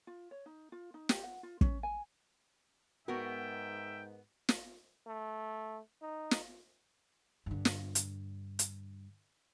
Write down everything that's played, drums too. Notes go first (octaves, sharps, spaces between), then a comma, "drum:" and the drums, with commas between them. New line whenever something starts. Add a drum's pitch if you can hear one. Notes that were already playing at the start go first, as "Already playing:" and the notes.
F4
C#5
D#4
F4
D#4
G4, drum: snare
F#5
F4
C#4, drum: kick
G#5
G#2 B3 F#4 A#4 E5 G5
drum: snare
A3
D#4
drum: snare
G2 D3
drum: snare
drum: hi-hat
drum: hi-hat